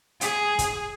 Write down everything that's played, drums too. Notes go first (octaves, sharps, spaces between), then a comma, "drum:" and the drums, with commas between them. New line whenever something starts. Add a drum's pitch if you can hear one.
G#4, drum: hi-hat
drum: kick, hi-hat